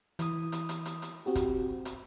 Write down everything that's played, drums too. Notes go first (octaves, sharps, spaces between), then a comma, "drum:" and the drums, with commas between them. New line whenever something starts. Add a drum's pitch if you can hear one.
E3 D#6, drum: hi-hat
drum: hi-hat
drum: hi-hat
drum: hi-hat
drum: hi-hat
C4 F#4 G4
drum: kick, hi-hat
drum: hi-hat